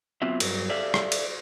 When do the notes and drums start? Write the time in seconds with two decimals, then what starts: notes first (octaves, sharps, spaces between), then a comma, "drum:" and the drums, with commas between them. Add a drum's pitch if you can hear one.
0.22 F#3 B3 C4 F4 E5
0.40 G2 F#3 A#4, drum: cymbal
0.69 G4 A4 D5 E5 F5
0.94 drum: rim click
1.12 drum: cymbal